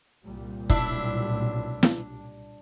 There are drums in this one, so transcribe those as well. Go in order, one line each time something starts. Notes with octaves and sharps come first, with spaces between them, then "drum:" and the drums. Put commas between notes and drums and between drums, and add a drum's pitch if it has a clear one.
C2 A#2 G3
B1 D4 E4, drum: kick
drum: snare